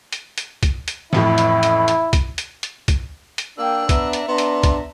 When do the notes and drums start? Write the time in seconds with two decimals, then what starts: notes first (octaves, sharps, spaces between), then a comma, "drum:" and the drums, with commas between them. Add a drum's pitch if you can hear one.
0.13 drum: hi-hat
0.38 drum: hi-hat
0.63 drum: kick, hi-hat
0.88 drum: hi-hat
1.13 A1 F2 A2 E4, drum: snare
1.38 drum: hi-hat
1.63 drum: hi-hat
1.88 drum: hi-hat
2.13 drum: kick, hi-hat
2.38 drum: hi-hat
2.63 drum: hi-hat
2.88 drum: kick, hi-hat
3.38 drum: hi-hat
3.58 A#3 D4 G5 E6
3.89 B3 E5 A#5, drum: kick, hi-hat
4.13 drum: hi-hat
4.28 B3 D4 C6
4.38 drum: hi-hat
4.63 drum: kick, hi-hat